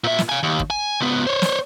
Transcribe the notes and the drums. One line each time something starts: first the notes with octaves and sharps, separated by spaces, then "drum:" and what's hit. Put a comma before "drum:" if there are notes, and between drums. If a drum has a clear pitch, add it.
A#2 E5
drum: snare
F5 G#5
D#2
drum: kick
G#5
C#2 B3
C5 C#5
drum: snare